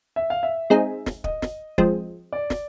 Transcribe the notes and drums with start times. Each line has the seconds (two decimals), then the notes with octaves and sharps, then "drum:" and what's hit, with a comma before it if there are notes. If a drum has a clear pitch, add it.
0.16 E5
0.30 F5
0.43 E5
0.70 G#3 C4 D#4 G#4
1.06 drum: snare
1.24 D#5, drum: kick
1.42 drum: snare
1.78 F3 G#3 C4, drum: kick
2.33 D5
2.50 drum: snare